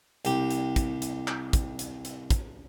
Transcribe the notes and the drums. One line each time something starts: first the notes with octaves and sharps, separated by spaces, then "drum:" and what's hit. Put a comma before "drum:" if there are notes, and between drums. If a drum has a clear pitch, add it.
C2 G4, drum: hi-hat
drum: hi-hat
drum: kick, hi-hat
drum: hi-hat
drum: clap
drum: kick, hi-hat
drum: hi-hat
drum: hi-hat
drum: kick, hi-hat